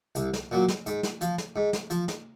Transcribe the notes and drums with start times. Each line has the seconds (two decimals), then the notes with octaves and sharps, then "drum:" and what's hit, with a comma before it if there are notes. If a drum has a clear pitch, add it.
0.15 C2, drum: hi-hat
0.33 drum: snare
0.51 A#2 F#3
0.68 drum: snare
0.86 G#2, drum: hi-hat
1.03 drum: snare
1.21 F3, drum: hi-hat
1.38 drum: snare
1.56 G#2
1.73 drum: snare
1.90 F3, drum: hi-hat
2.08 drum: snare